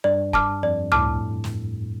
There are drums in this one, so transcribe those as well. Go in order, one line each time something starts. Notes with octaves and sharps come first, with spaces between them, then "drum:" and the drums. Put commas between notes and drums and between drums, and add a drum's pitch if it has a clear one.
G2 D5
A5 D6 F6, drum: kick
F2 D5
A2 A5 D6 F6, drum: tom C#2
drum: snare